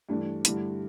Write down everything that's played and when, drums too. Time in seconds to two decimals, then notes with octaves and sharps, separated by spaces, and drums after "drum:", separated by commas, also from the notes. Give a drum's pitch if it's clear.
0.09 G2 E3 A3 D4
0.45 G2 D3 A3 E4, drum: hi-hat